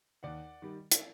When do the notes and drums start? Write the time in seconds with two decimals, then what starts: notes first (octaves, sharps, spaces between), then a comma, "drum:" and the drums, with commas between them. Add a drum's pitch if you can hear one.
0.23 D#2 D5 F#5
0.62 D#3 G3
0.92 drum: hi-hat